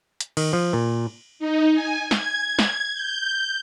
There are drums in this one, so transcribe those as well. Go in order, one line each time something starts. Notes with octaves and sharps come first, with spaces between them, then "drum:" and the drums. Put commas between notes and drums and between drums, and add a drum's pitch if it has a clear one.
drum: hi-hat
D#3, drum: cymbal
F3
A#2
D#4
G#5
G#6, drum: snare
drum: snare
G6